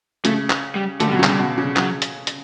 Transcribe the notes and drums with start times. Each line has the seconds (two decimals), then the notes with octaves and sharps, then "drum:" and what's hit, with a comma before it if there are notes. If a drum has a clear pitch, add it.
0.25 C#3 A3, drum: hi-hat
0.50 drum: clap
0.75 G3
1.00 D3 A3, drum: hi-hat
1.08 G3
1.11 B2
1.16 F#3
1.19 C#3
1.23 G3, drum: clap
1.39 B2
1.58 C#3
1.76 C#3 F#3, drum: clap
2.02 drum: hi-hat
2.27 drum: hi-hat